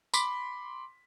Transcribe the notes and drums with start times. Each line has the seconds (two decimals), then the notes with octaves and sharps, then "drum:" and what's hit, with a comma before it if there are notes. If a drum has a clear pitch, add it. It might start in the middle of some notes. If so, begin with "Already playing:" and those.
0.14 B5 C6 D6 B6, drum: tambourine